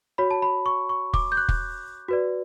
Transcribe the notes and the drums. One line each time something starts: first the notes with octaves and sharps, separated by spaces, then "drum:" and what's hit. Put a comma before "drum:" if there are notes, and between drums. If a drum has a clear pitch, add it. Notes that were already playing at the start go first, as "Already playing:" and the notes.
F#4 C#5 B5
A5
B5
C#6
C#6
D6, drum: kick
G6
F#6
drum: kick
F#4 B4 D5